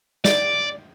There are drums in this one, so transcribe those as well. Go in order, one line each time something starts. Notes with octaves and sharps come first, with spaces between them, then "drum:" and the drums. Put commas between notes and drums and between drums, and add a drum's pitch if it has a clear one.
D5, drum: snare